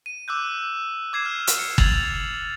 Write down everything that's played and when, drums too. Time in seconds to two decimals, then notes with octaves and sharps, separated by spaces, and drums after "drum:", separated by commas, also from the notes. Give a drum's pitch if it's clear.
0.06 D#7
0.28 D6 E6 F#6 G6
1.13 D6 G#6 C7 E7
1.25 F6
1.47 drum: hi-hat
1.59 C#7
1.78 G#6 A6 F7 F#7, drum: kick G1